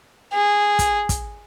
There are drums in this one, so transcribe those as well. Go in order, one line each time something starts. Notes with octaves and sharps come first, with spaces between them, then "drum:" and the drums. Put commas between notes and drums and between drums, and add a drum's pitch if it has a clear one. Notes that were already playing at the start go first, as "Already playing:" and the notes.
G#4
drum: kick, hi-hat
drum: kick, hi-hat